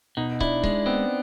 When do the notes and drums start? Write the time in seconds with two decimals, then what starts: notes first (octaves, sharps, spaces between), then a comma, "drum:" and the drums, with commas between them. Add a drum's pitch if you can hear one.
0.17 B2 D#4
0.40 D4 E4, drum: kick C#1
0.64 G#3, drum: kick C#1
0.86 B3 C4